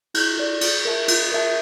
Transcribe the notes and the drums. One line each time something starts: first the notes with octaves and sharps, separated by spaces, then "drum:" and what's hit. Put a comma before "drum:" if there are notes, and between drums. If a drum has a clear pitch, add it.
E4, drum: cymbal
A4 D5
F4, drum: cymbal
A#4 E5 A5
F4, drum: cymbal
A#4 E5 A5